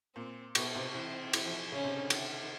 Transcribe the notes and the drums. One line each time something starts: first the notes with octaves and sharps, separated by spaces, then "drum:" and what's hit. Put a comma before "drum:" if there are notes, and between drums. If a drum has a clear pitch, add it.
A#2 C4
B2 B3, drum: cymbal
C3
E3 C4
E3, drum: cymbal
F3
C#3 C#4
C3
D3
D#3, drum: cymbal
D#3